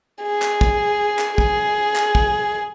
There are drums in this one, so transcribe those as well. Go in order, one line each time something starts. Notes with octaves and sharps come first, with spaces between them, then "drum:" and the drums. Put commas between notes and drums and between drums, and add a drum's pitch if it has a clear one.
G#4
drum: clap
drum: kick
drum: clap
G#4, drum: kick
drum: clap
drum: kick